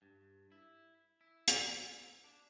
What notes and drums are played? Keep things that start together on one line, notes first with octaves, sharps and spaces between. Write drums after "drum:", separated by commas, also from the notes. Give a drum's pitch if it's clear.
G2
E4
E4
drum: hi-hat
D4